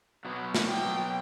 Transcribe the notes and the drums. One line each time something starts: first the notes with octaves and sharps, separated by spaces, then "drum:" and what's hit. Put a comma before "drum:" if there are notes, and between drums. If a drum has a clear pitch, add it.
B2 F#3 B3
drum: snare
G5